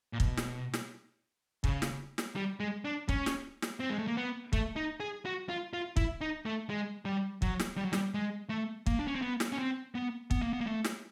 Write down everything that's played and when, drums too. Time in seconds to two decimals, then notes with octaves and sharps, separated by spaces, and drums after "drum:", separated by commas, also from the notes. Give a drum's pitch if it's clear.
0.13 A#2
0.20 B2, drum: kick
0.37 drum: snare
0.74 drum: snare
1.64 C#3, drum: kick
1.82 drum: snare
2.18 drum: snare
2.36 G3
2.60 G#3
2.85 D4
3.09 C#4, drum: kick
3.26 drum: snare
3.62 drum: snare
3.80 C4
3.90 G#3
3.98 A3
4.07 A#3
4.17 B3
4.53 A3, drum: kick
4.76 D#4
5.00 G#4
5.25 F#4
5.49 F4
5.73 F4
5.97 E4, drum: kick
6.21 D#4
6.46 A3
6.69 G#3
7.05 G3
7.42 F#3, drum: kick
7.59 drum: snare
7.77 G3
7.85 F#3
7.93 G3, drum: snare
8.14 G#3
8.50 A3
8.86 A#3, drum: kick
8.99 D4
9.07 C#4
9.15 C4
9.22 B3
9.40 drum: snare
9.52 C#4
9.59 C4
9.95 B3
10.31 B3, drum: kick
10.42 A#3
10.53 B3
10.61 A#3
10.67 A3
10.84 drum: snare